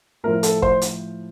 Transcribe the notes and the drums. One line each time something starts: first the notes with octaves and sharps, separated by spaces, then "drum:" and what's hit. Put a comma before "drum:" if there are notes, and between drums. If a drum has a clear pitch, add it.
A2 F3 A#4
A4, drum: hi-hat
C5, drum: kick
drum: hi-hat